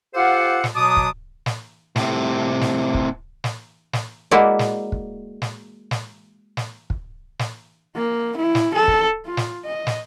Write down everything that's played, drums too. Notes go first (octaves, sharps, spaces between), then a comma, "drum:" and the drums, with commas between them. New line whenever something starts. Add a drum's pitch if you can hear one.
F4 G4 A4 C5 F5 F#5
drum: snare
B2 F#3 A5 D6 D#6
drum: kick
drum: snare
A2 C3, drum: snare
drum: snare
drum: kick
drum: snare
drum: snare
G#3 A#3 E4 F#4 D5
drum: snare
drum: kick
drum: snare
drum: snare
drum: snare
drum: kick
drum: snare
A#3
E4
drum: snare
A4
drum: kick
F4
drum: snare
D#5
drum: snare